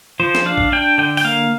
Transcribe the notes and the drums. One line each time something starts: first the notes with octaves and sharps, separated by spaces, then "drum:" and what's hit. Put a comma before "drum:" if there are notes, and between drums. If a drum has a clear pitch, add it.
F3 C5
drum: snare
D4 F5
drum: kick A1
D4 G5
D3 G5
G5, drum: open hi-hat
A#3 F5